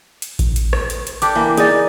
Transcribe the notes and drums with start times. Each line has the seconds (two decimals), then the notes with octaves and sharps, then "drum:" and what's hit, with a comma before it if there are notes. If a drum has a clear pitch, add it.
0.22 drum: hi-hat
0.39 drum: kick A1, hi-hat
0.56 drum: hi-hat
0.73 drum: rim click
0.90 drum: hi-hat
1.07 drum: hi-hat
1.22 D4 G4 A4 D6, drum: hi-hat
1.35 E3 A#3
1.57 D#4 G#4 D5, drum: hi-hat